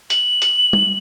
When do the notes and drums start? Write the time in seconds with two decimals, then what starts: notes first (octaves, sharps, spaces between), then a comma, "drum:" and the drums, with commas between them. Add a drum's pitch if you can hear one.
0.10 F#7, drum: hi-hat
0.42 drum: hi-hat
0.73 drum: tom G3